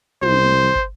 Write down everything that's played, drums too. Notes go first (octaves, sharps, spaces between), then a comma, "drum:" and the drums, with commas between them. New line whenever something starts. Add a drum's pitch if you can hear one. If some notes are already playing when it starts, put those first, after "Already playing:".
C2 C5, drum: tom
drum: kick